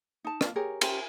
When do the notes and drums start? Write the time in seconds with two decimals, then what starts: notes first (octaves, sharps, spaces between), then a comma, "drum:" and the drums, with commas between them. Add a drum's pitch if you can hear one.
0.24 D#4 A5
0.41 F4 D5, drum: rim click
0.56 G4 G#4 A#4 C#5
0.81 C#4 G4 C5, drum: cymbal